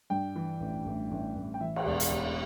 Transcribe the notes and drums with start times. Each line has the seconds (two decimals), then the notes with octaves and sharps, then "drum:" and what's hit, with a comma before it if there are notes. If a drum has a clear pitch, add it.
0.10 G2 G5
0.36 E3
0.60 A1
0.86 A1
1.11 A1
1.35 A1
1.54 G5
1.60 E3 E5
1.76 drum: cymbal
1.86 E1 D5
2.00 drum: hi-hat
2.11 E1